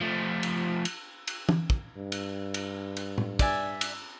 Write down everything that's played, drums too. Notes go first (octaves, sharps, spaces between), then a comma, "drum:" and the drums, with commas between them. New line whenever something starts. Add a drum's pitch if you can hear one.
F3 A3
drum: cymbal
drum: cymbal
drum: cymbal
drum: tom
drum: kick
G2
drum: cymbal
drum: cymbal
drum: cymbal
drum: tom A2
D5 E5 G#5, drum: kick, cymbal
drum: cymbal